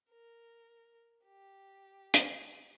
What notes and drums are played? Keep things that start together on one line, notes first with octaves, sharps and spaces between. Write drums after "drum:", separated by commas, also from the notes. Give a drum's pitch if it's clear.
A#4
G4
drum: hi-hat